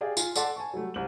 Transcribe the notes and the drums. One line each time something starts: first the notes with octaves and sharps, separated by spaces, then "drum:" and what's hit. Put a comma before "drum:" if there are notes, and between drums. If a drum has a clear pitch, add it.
G4 G#4 D5 F5 G5
F4 G#5, drum: tambourine
A4 D5 F#5 A5 C6 D6, drum: tambourine
G#5 A5 C#6
F#3 G3 A3
C2 F#7